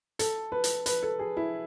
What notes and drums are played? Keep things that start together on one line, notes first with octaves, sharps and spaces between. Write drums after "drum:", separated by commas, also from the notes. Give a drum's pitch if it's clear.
A4, drum: hi-hat
B4
drum: hi-hat
B4, drum: hi-hat
A4
G#4
E4